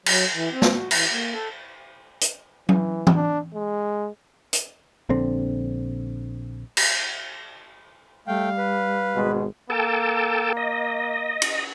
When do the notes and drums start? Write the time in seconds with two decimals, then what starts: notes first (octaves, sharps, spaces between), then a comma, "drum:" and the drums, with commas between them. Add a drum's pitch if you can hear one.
0.06 F#3, drum: cymbal
0.34 E3
0.52 C4
0.62 drum: snare
0.74 F#4
0.91 E3, drum: cymbal
1.12 A#3
1.33 A4
2.21 drum: hi-hat
2.69 E3, drum: tom F#3
3.07 drum: tom E3
3.16 D4
3.54 G#3
4.53 drum: hi-hat
5.09 A#1 D3 C4
6.77 drum: cymbal
8.28 G3 A3 F5 G5
8.58 B4
9.16 G#1 B2 G#3
9.70 A#3 A4 G5 A5
10.57 D#5
11.42 drum: cymbal